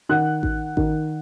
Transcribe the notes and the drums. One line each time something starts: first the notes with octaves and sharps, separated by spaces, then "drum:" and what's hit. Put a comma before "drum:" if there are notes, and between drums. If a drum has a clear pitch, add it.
D#3 F#5 F#6
D#3, drum: kick A1
D#3, drum: kick A1